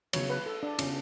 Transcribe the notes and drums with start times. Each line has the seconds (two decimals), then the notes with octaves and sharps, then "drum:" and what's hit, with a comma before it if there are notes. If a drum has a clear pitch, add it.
0.13 C#3 F#3 B3 C#5, drum: cymbal
0.30 B4
0.46 A4
0.63 D4
0.79 C#3 F#3 B3 C#4, drum: cymbal